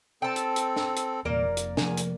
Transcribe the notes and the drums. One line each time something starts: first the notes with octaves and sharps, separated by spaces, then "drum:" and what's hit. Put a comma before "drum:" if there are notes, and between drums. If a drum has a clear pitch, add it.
C4 A4 G5 A5
drum: hi-hat
drum: hi-hat
drum: snare
drum: hi-hat
E2 A#2 A#3 A#4 D5
F1
drum: hi-hat
E2 C3 F3 G#5, drum: snare
drum: hi-hat